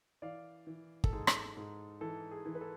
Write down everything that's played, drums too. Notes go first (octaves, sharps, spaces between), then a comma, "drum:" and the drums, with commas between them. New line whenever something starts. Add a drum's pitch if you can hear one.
E3 D5 F5
E3
A4, drum: kick
G#2 G#4
drum: rim click
G#2
E3 A4
G#4
E3
B4
A4